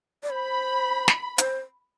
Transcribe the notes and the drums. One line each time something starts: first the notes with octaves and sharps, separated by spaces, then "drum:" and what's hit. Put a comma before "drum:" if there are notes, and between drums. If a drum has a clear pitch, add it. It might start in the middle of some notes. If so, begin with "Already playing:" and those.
D5
C5 B5
drum: snare
C5, drum: hi-hat